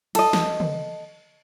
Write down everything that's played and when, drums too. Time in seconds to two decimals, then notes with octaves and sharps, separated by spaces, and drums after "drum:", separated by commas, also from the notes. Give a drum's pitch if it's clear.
0.15 A4 D#5, drum: cymbal
0.33 drum: snare
0.60 drum: tom